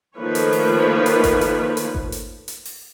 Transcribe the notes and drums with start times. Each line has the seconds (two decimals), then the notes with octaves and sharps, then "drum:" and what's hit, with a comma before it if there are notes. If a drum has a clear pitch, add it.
0.17 D#3 F3 A3 A#3 B4 C#5
0.35 drum: hi-hat
0.53 drum: open hi-hat
1.06 drum: hi-hat
1.24 drum: kick G1, hi-hat
1.41 drum: hi-hat
1.77 drum: hi-hat
1.95 drum: kick G1
2.12 drum: hi-hat
2.48 drum: hi-hat
2.65 drum: open hi-hat